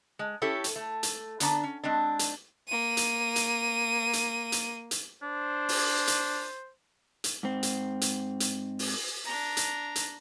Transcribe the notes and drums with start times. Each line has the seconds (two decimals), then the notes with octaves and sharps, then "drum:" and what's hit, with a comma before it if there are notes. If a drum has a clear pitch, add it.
0.19 G#3
0.42 C#4 E4 G4 A4 C#5
0.64 drum: hi-hat
0.76 A3
1.03 drum: hi-hat
1.40 D3 B3 D4 A#5, drum: hi-hat
1.64 C#4
1.84 G#3 C4 D4
2.19 drum: hi-hat
2.68 A#3 D#7
2.97 drum: hi-hat
3.36 drum: hi-hat
4.13 drum: hi-hat
4.52 drum: hi-hat
4.91 drum: hi-hat
5.22 D4 C5
5.69 drum: open hi-hat
6.07 drum: hi-hat
7.24 drum: hi-hat
7.43 G#2 C4
7.63 drum: hi-hat
8.01 drum: hi-hat
8.40 drum: hi-hat
8.79 drum: open hi-hat
9.25 D4 A#5
9.57 drum: hi-hat
9.96 drum: hi-hat